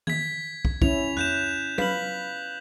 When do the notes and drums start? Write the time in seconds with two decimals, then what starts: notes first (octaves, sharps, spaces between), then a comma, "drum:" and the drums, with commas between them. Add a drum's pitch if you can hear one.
0.07 G#6 B6, drum: tom D#3
0.65 drum: kick
0.82 C#4 E4 F7, drum: kick
1.17 F#6 G6 E7, drum: tom E2
1.78 B4 F5 B6 F#7, drum: tom F#3